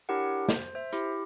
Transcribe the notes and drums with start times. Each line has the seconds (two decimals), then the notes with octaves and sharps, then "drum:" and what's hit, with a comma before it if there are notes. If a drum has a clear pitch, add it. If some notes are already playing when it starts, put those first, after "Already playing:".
0.09 D4 E4 G4 A#4 C#5 F#5
0.49 C5, drum: snare
0.75 C5 E5
0.93 E4 G4, drum: hi-hat